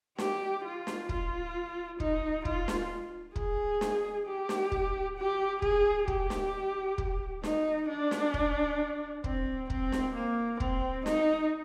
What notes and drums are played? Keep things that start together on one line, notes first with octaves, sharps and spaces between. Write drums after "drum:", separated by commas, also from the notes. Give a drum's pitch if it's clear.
G4, drum: snare
F4
drum: snare
F4, drum: kick
D#4, drum: kick
F4, drum: kick
drum: snare
G#4, drum: kick
drum: snare
G4
drum: snare
drum: kick
G4
G#4, drum: kick
G4, drum: kick
drum: snare
drum: kick
D#4, drum: snare
D4
drum: snare
drum: kick
C4, drum: kick
C4, drum: kick
drum: snare
A#3
C4, drum: kick
D#4, drum: snare